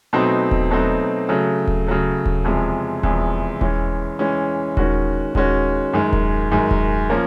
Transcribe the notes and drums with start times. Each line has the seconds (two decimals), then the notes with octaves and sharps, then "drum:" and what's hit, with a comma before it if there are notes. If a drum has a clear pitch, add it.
0.13 B2 F#3 A3 C4 D#4
0.51 drum: kick D#1
0.71 B2 F#3 A3 C4 D#4
1.29 C#3 F#3 A3
1.68 drum: kick D#1
1.87 C#3 F#3 A3
2.26 drum: kick D#1
2.44 E2 C3 F3 G#3
3.03 E2 C3 F3 G#3, drum: kick D#1
3.61 E3 G#3 C#4, drum: kick D#1
4.19 E3 G#3 C#4
4.77 D#3 G#3 C#4 F#4, drum: kick D#1
5.35 D#3 G#3 C#4 F#4, drum: kick D#1
5.93 F#2 D#3 G#3
6.13 drum: kick D#1
6.52 F#2 D#3 G#3
6.71 drum: kick D#1
7.10 F3 A#3 C#4